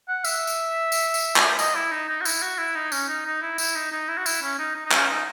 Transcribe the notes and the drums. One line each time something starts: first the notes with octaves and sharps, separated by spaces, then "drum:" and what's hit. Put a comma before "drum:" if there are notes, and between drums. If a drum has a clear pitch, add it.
F#5
E5, drum: tambourine
drum: tambourine
drum: tambourine
drum: tambourine
drum: clap
D#5, drum: tambourine
E4
D#4
D#4
F#4
E4, drum: tambourine
F#4
E4
D#4
C#4, drum: tambourine
D#4
D#4
E4
E4, drum: tambourine
D#4
D#4
E4
F#4
E4, drum: tambourine
C#4
D#4
D#4
D#4
C#4, drum: clap
D#4